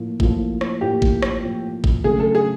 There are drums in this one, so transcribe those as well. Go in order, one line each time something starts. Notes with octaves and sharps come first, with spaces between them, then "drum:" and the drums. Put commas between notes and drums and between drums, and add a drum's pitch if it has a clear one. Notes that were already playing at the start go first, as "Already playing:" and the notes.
Already playing: A2 F3 A#3
A2 F3 A#3, drum: kick G#1
drum: rim click
A2 F3 A#3 G4
drum: kick G#1
drum: rim click
A2 F3 A#3
drum: kick G#1
C#3 F#3 A3 G#4
A4
G#4